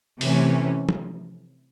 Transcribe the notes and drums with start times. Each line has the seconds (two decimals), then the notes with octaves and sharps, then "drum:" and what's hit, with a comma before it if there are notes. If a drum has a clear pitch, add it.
0.21 C3 E3 A3 C#4, drum: open hi-hat
0.89 drum: tom F3